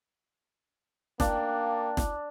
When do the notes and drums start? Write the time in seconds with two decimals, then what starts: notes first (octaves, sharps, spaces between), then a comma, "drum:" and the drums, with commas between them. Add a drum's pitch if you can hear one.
1.20 A#3 D4 F5 G5, drum: snare
1.97 drum: snare